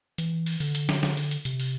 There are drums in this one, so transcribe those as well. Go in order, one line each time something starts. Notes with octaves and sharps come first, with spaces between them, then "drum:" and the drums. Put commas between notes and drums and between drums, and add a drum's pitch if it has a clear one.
E3, drum: hi-hat
drum: open hi-hat
D3, drum: open hi-hat
drum: hi-hat
drum: snare
drum: snare
drum: open hi-hat
drum: hi-hat
C3, drum: hi-hat
drum: open hi-hat